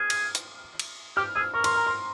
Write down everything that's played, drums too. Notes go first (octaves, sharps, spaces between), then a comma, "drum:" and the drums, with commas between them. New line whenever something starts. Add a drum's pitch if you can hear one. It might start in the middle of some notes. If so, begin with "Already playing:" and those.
Already playing: G#4 F6
drum: cymbal
drum: hi-hat
drum: cymbal
G4 F6
G#4 E6
A#4 C#6
C6, drum: cymbal
A#5
C6